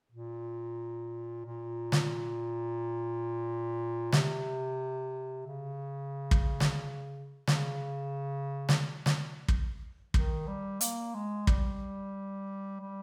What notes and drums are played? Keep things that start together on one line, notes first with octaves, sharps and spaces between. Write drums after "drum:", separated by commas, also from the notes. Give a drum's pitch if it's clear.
A#2
A#2
drum: snare
C3, drum: snare
C#3
drum: kick
drum: snare
C#3, drum: snare
drum: snare
drum: snare
drum: kick
D#3, drum: kick
G3
A#3, drum: hi-hat
G#3
G3, drum: kick
G3